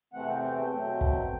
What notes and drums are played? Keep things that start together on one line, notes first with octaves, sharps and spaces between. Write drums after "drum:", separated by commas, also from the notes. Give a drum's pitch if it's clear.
E2 C3 E3 A3 C4 F#5
G5
G5
G5
B2 F#3 A3 C4 G5
drum: kick